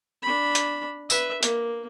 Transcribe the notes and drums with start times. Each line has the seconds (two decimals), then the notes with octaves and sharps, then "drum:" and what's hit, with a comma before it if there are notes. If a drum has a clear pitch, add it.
0.23 D4 B5
0.55 drum: hi-hat
1.10 B4 E5, drum: tambourine
1.43 A#3, drum: hi-hat